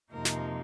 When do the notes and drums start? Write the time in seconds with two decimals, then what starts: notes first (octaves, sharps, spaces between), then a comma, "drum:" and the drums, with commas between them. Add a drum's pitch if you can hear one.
0.11 F2 C3 F3 A#3 D#4 A#4
0.25 drum: snare